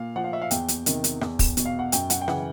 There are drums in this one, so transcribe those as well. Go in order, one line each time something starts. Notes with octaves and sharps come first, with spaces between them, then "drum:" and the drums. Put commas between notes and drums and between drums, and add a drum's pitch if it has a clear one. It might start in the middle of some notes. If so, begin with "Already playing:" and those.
Already playing: A#2 F5
F3 F#5
F5
E5
F5
E2 G5, drum: hi-hat
drum: hi-hat
C3 D#3, drum: hi-hat
drum: hi-hat
E2, drum: rim click
drum: kick, open hi-hat
B2, drum: hi-hat
F5
F#5
F#2 G5, drum: hi-hat
F#5, drum: hi-hat
G5
C#3 E3 F#5, drum: rim click